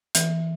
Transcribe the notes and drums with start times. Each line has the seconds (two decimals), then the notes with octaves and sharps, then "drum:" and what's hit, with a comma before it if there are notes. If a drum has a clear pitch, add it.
0.15 E3, drum: hi-hat